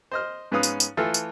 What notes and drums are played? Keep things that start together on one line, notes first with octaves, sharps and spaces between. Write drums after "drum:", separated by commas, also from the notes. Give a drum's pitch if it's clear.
C5 D#5 F6
G#2 B3 C#4 B4 F5 D#6
drum: tambourine
drum: tambourine
E3 A3 F4 A4
drum: tambourine